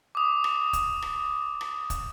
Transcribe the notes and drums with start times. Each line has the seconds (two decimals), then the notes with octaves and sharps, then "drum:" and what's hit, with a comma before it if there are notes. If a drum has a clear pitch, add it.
0.15 D6 D#6
0.44 drum: rim click
0.73 drum: kick, hi-hat
1.02 drum: rim click
1.61 drum: rim click
1.90 drum: kick, hi-hat